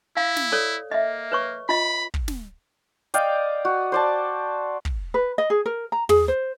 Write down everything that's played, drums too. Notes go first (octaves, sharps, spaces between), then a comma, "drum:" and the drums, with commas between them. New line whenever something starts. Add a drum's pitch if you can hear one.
E4 F5
drum: snare
A4 C#5 D5
A#3 D#5 E5
B4 C#5 C#6
F4 D#5 B5
drum: kick
drum: snare
D5 D#5 F5 G5, drum: hi-hat
F#4
C5 D5 A5
drum: kick
B4
D#5
G#4
A#4
A#5
G#4, drum: tom
C5